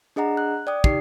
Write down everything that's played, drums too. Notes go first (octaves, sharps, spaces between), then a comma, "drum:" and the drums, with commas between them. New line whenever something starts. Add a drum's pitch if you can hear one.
D4 G#4 D#5 F#5 A#5
F#6
D5 G5 D#6
D#4 G4 C7, drum: kick